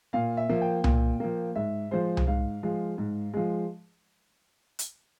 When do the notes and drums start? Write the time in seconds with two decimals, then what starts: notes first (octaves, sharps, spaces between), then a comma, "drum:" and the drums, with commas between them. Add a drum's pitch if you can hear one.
0.13 A#2 F5
0.37 E5
0.49 F3 A#3
0.61 G5
0.84 A#2, drum: tom C2
1.20 F3 A#3
1.56 G#2 E5
1.91 F3 G#3 C5
2.17 drum: tom C2
2.27 G#2 F5
2.63 F3 G#3
2.98 G#2
3.34 F3 G#3
4.79 drum: hi-hat